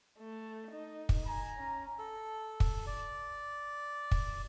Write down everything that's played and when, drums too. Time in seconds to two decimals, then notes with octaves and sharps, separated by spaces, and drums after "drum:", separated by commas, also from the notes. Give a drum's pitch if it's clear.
0.19 A3
0.71 D#4
1.09 drum: kick
1.25 G#5 A#5
1.57 C#4
1.98 A4
2.60 drum: kick
2.87 D5
4.11 drum: kick